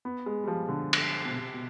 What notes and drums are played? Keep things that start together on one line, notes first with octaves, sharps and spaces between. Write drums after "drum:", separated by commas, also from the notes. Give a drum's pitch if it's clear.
B3
G#3
G3
F3
D3
drum: cymbal
B2
C3
B2